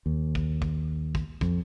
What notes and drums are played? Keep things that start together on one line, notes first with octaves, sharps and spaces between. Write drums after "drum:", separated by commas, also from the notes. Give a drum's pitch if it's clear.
D#2
drum: kick
drum: kick
drum: kick
F2, drum: kick